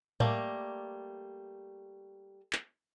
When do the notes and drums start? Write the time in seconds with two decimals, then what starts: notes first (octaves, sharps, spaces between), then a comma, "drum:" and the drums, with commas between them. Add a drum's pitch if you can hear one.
0.20 G3 A3 A#3, drum: tom A2
2.53 drum: clap